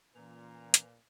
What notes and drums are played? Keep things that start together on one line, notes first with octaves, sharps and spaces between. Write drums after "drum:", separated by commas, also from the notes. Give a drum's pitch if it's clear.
A#2 E3 C#4 A#5
drum: hi-hat